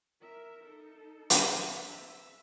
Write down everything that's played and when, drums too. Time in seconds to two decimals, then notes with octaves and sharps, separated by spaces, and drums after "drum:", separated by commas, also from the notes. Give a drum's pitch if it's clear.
0.20 A#4 E5
0.64 D#4 A4
1.30 drum: hi-hat
1.87 E5